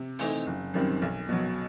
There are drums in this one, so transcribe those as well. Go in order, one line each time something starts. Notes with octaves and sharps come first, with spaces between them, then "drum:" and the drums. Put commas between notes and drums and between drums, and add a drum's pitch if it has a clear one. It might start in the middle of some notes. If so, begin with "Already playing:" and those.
Already playing: C3
E3 A3 C4 D#4, drum: open hi-hat
F#1
F#2 D#3 G3 C4
B1
B2 F#3